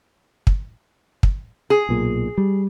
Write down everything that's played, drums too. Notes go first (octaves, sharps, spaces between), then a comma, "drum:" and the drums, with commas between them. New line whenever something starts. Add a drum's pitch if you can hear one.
drum: kick
drum: kick
G#4
B1 A#2
G3